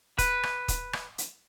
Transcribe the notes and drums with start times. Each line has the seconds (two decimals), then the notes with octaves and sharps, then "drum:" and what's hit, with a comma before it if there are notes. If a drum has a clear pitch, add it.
0.18 B4, drum: kick, hi-hat
0.43 drum: rim click
0.68 drum: kick, hi-hat
0.93 drum: rim click
1.18 drum: hi-hat